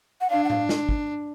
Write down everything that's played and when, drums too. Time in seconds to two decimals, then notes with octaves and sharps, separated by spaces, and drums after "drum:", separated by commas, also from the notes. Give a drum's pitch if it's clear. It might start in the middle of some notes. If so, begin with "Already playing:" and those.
0.21 F#5
0.30 D4 F5
0.44 F#5
0.50 F5, drum: tom A2
0.69 drum: snare
0.89 drum: kick